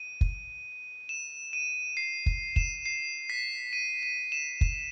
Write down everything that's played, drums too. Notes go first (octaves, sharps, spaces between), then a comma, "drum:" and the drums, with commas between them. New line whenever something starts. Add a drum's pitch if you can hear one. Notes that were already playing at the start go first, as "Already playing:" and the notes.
Already playing: D#7
drum: kick
E7
D#7
C7
drum: kick
E7, drum: kick
C7
B6
D#7
D#7
E7
drum: kick